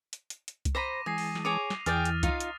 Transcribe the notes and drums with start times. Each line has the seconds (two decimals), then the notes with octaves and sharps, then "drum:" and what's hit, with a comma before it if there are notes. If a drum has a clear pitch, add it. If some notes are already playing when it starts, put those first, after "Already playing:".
0.13 drum: hi-hat
0.30 drum: hi-hat
0.48 drum: hi-hat
0.65 drum: kick C2, hi-hat
0.75 C5 A#5 B5 D6 A#6 D#7
1.06 E3 G#3 G#5 A5 D#6 C7
1.18 drum: open hi-hat
1.35 drum: snare
1.45 G#4 C#5 D6 D#7 F7
1.70 drum: snare
1.86 E2 E3 G#4 D5 G5 F6 A6, drum: hi-hat
2.05 drum: hi-hat
2.23 D#4 F4 F5, drum: kick C2, hi-hat
2.40 drum: hi-hat